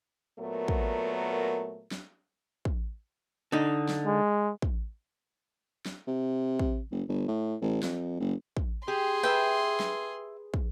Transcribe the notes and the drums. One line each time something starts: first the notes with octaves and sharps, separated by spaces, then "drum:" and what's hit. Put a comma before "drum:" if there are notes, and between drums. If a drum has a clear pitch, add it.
A#2 F#3 A3 B3 A#4
drum: kick
drum: snare
drum: kick
D3 D#4
drum: snare
G#3
drum: kick
drum: snare
C3
drum: kick
F#1
G1
A2
A1
F2, drum: snare
F#1
drum: kick
G4 G#4 C6
B4 E5 G5
drum: snare
drum: kick